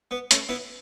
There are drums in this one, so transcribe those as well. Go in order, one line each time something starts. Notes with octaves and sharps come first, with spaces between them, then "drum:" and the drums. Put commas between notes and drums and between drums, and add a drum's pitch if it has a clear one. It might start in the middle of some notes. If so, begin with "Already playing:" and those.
B3
A3 C#4, drum: hi-hat
B3 E4